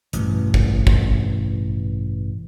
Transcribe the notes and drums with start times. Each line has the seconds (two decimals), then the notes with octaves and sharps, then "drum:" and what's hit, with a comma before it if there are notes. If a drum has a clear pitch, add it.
0.13 A1 G2 B2, drum: hi-hat
0.54 drum: kick
0.87 drum: kick